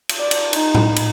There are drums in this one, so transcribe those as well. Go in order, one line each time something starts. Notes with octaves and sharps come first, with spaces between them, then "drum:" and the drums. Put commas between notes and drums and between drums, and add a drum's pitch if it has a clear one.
drum: cymbal
D5
drum: cymbal
D#4, drum: cymbal
drum: tom A2
drum: cymbal